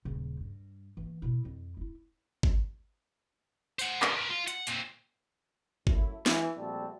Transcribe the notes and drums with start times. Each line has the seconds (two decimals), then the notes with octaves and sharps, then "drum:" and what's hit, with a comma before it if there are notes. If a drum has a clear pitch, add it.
0.05 D#1 C#3
0.40 G2
0.97 E3 A#3
1.22 B2 E4
1.45 F2
1.77 A3 E4
2.43 drum: kick G#1
3.79 C5 F#5, drum: tambourine
4.02 B3 A#4, drum: clap
4.16 A#4 B4
4.29 F4
4.48 F#5, drum: hi-hat
4.67 A#2 C4, drum: hi-hat
5.87 F#2 A3 E4, drum: kick G#1
6.26 E3, drum: snare
6.57 A#1 G3 A3 C4 F#4 A5